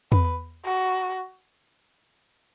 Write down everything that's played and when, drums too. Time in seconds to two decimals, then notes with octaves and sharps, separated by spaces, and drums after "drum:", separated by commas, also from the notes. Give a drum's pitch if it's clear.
0.12 B4, drum: tom E2
0.65 F#4